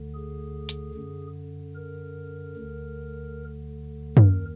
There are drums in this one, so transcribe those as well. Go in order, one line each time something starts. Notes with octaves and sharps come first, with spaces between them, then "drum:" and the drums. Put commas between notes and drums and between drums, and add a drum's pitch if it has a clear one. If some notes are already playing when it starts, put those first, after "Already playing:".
Already playing: D2 D3
G#4
drum: hi-hat
F#2 D3
A#4
D2 D3
D#2 D#3 A#4, drum: tom F#2